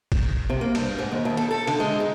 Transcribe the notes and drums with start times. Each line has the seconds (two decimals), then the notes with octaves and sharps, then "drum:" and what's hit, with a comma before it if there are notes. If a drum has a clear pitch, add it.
0.12 drum: kick A1, cymbal
0.50 C3
0.61 A#3
0.75 G2, drum: cymbal
0.99 G#2
1.11 D#2
1.25 D#2
1.37 A4, drum: cymbal
1.51 A4
1.67 D3, drum: cymbal
1.80 G#3
2.00 D#4